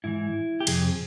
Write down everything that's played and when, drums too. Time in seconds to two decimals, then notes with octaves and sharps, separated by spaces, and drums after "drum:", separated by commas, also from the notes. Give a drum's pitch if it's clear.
0.04 G#2 E3 E4
0.60 G4
0.67 F2 C3 G#4, drum: cymbal